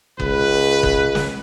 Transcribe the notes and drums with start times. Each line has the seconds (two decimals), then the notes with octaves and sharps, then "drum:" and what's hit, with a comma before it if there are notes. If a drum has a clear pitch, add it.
0.20 C#2 B4, drum: kick F#1
0.83 drum: kick F#1
1.15 drum: snare